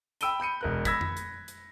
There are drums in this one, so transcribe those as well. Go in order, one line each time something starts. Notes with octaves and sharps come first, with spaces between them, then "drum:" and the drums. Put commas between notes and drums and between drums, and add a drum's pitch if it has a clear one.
G5 B5 E6 D7 D#7 G7, drum: hi-hat
B5 G6 C#7 D#7
E1 A#4 F#6
B5 E6 G#6 A#6 B6, drum: kick, hi-hat
drum: tom F2
drum: hi-hat
drum: hi-hat